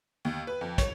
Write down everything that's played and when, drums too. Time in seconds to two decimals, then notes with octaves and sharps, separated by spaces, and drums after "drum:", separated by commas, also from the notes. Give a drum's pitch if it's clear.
0.25 D#2
0.47 B4
0.61 F2
0.78 C#5, drum: kick, hi-hat